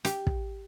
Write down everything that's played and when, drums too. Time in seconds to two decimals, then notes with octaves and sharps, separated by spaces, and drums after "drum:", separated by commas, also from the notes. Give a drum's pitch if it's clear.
0.05 G4, drum: hi-hat
0.27 drum: kick